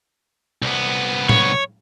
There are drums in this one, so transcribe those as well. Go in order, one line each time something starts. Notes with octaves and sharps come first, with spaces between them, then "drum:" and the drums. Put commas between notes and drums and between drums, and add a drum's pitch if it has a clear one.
C2 B3
C#5, drum: tom A2